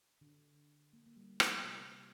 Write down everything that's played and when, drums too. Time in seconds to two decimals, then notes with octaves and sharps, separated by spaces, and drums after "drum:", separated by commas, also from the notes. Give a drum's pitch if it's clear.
0.21 D3
0.93 A#3
1.06 A#3
1.16 G3
1.40 G3, drum: rim click
1.64 C3